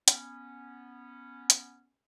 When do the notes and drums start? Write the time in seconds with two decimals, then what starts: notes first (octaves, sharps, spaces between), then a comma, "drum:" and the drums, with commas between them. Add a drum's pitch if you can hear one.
0.08 B3 C#4, drum: hi-hat
1.50 drum: hi-hat